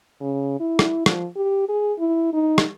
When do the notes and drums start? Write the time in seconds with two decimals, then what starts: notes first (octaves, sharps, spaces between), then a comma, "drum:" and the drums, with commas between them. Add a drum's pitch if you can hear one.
0.21 C#3
0.60 E4
0.79 drum: rim click
1.06 F3, drum: rim click
1.35 G4
1.68 G#4
1.98 E4
2.33 D#4
2.58 drum: rim click